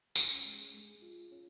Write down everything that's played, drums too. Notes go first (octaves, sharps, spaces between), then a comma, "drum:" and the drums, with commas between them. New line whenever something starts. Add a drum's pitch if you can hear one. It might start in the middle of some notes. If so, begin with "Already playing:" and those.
C#4, drum: tambourine
G#3
G#3
F4
C#4